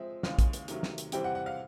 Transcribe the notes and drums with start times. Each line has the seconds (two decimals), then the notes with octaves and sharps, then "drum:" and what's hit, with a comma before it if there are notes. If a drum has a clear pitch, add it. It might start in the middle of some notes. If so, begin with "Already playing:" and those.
Already playing: F3 G#3 C4 E5
0.23 D#2 C#3 E3 G#3 F5, drum: snare
0.39 drum: kick, hi-hat
0.53 drum: hi-hat
0.68 C3 D#3 F#3 A3, drum: hi-hat
0.83 drum: snare
0.98 drum: hi-hat
1.12 C3 E3 G3 C4 G5, drum: hi-hat
1.24 F#5
1.35 F#5
1.46 F5